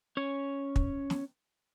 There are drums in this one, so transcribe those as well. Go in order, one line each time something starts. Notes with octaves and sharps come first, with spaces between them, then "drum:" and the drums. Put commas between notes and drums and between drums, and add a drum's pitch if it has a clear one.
C#4 C#5
drum: kick
drum: snare